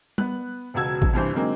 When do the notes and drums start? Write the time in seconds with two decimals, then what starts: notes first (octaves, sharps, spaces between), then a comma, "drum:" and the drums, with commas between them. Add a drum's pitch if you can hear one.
0.18 B3 F#6, drum: tom G3
0.74 E1 C#2 B2 F#4 E6 G#6
1.02 drum: kick A1
1.13 C2 G2 E3 C5
1.33 D3 F#3 G#3 A#3 C4 D#4